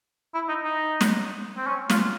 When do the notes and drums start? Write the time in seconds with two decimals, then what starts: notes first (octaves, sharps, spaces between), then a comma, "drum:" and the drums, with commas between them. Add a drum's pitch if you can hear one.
0.34 E4
0.49 D#4
0.64 D#4
1.01 drum: snare
1.57 C4
1.67 C#4
1.90 F4, drum: snare